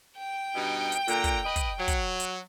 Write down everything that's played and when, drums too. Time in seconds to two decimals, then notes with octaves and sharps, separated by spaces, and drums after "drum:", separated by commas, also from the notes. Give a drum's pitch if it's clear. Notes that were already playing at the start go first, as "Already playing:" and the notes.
0.18 G5
0.55 G2 B2 D#4
0.92 drum: hi-hat
1.08 A#2 D3 A#5, drum: hi-hat
1.24 drum: kick, hi-hat
1.45 B4 D#5
1.56 drum: kick, hi-hat
1.78 F#3
1.88 drum: kick, hi-hat
2.20 drum: hi-hat